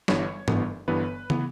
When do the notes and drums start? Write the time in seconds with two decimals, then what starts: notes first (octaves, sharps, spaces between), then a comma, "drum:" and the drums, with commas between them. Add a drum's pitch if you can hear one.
0.08 G1 G2 E3 B3 C#5, drum: snare
0.48 G1 G2 E3 B3, drum: tom G#2
0.88 G1 G2 E3 B3 B4
1.30 E3 B3, drum: tom